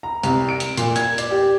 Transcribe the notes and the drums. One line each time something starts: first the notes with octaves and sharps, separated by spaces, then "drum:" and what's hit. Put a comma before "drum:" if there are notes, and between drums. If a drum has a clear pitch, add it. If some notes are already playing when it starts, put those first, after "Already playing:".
A#5
C2, drum: hi-hat
D7
drum: hi-hat
A#2, drum: hi-hat
G#6, drum: hi-hat
D5, drum: hi-hat
G4